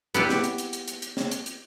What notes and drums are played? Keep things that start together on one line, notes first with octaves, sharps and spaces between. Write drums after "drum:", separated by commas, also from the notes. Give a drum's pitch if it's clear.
B3 E4 G4, drum: hi-hat
drum: snare
drum: hi-hat
drum: hi-hat
drum: hi-hat
drum: hi-hat
drum: hi-hat
drum: snare
drum: hi-hat
drum: hi-hat